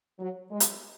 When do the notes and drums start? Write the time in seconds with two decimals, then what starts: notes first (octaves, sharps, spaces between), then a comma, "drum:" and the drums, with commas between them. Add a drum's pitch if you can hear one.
0.20 F#3
0.51 G#3
0.60 drum: hi-hat